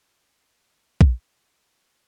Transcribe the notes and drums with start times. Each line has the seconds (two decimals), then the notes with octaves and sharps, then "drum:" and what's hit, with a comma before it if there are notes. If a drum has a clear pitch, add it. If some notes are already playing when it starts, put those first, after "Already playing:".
Already playing: F2 C3 G3 D#4
0.25 C4 D#4
0.60 D#2 C#3 G3 C#4
1.01 drum: kick A#1
1.30 F2 D#3 G3